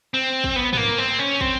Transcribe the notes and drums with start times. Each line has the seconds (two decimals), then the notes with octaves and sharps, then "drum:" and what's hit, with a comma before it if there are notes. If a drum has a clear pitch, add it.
0.14 C4
0.44 drum: kick
0.56 B3
0.73 B3, drum: tom G#2
0.77 A#3
0.98 C4
1.19 C#4
1.41 C4, drum: kick